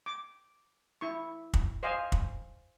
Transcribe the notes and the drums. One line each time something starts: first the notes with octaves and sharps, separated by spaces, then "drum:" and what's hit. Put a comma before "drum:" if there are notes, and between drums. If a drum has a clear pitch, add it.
D6
E4 C#6
drum: kick
C5 D#5 F5 G#5
drum: kick